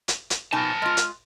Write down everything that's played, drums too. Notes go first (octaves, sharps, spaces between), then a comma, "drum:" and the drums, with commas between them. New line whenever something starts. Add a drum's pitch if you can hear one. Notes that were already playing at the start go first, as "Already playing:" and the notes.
drum: hi-hat
drum: hi-hat
B2 D#4 A#4 G#5 A5
G#3 F4 F6
drum: hi-hat